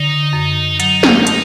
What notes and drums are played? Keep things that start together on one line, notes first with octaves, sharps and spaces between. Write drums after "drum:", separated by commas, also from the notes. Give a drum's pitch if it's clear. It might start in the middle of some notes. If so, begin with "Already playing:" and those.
Already playing: D3 D#4
F#2
F#3 D#4, drum: hi-hat
drum: snare
A3, drum: hi-hat